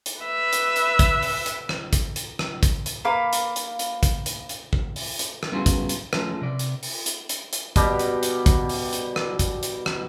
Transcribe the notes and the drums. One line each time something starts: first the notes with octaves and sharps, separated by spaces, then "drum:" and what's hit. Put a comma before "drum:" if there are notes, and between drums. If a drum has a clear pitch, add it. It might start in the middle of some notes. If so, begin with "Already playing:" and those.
drum: hi-hat
B4 E5
drum: hi-hat
drum: hi-hat
drum: kick, hi-hat
drum: open hi-hat
drum: hi-hat
drum: rim click
drum: kick, hi-hat
drum: hi-hat
drum: rim click
drum: kick, hi-hat
drum: hi-hat
A#3 B4 F5 D6
drum: hi-hat
drum: hi-hat
drum: hi-hat
drum: kick, hi-hat
drum: hi-hat
drum: hi-hat
drum: kick
drum: open hi-hat
drum: hi-hat
drum: rim click
G3 B3 C#4 F4 F#4 G#4
drum: kick, hi-hat
drum: hi-hat
F3 G#3 A3 C#4, drum: rim click
C3 D5
drum: hi-hat
drum: open hi-hat
drum: hi-hat
drum: hi-hat
drum: hi-hat
B2 G3 G4, drum: kick, hi-hat
drum: hi-hat
drum: hi-hat
drum: kick, hi-hat
drum: open hi-hat
drum: hi-hat
drum: rim click
drum: kick, hi-hat
drum: hi-hat
drum: rim click